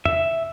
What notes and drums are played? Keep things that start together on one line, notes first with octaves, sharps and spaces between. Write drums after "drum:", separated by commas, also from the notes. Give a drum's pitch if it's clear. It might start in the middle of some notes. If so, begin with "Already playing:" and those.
E5, drum: tom E2